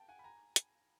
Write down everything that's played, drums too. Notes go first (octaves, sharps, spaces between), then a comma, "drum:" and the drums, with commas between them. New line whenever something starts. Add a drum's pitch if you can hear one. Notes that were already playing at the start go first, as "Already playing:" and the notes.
Already playing: G5 A5
F#5 G#5
B5
G#5 A#5
drum: hi-hat